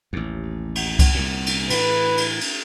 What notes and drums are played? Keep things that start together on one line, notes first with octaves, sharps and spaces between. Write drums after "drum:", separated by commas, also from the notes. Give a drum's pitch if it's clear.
A1 D#2
drum: cymbal
drum: kick C2, cymbal
C2 A#2
drum: cymbal
A2 E3 B4, drum: cymbal
drum: cymbal
drum: cymbal